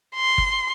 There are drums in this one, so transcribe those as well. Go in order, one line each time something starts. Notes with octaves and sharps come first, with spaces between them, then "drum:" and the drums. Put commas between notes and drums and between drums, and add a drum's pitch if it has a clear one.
C6
drum: kick G1